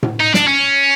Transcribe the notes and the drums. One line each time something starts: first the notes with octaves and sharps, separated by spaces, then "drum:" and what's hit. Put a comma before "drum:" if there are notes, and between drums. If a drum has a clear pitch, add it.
drum: tom A2
D#4
D4, drum: snare
C#4